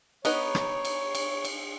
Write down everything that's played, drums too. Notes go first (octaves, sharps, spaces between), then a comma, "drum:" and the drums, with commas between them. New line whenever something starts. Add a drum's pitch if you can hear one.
B3 D#4 B4 C#5, drum: cymbal
drum: rim click
drum: cymbal
drum: cymbal
drum: cymbal